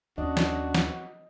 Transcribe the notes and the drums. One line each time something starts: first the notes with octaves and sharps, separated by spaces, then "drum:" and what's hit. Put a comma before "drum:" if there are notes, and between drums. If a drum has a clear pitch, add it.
D#2 C#4 D4 F#4 D#5
drum: snare
drum: snare